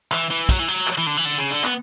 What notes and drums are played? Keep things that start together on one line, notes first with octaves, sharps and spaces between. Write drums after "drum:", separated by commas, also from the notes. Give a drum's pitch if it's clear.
E3, drum: clap
E3
F#3, drum: kick, hi-hat
E3
F#3
drum: clap
E3
D3
E3
D3
C#3
D3
B3, drum: clap